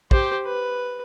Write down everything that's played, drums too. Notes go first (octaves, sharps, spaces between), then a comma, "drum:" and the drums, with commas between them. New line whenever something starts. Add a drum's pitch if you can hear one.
G4 C5, drum: kick
B4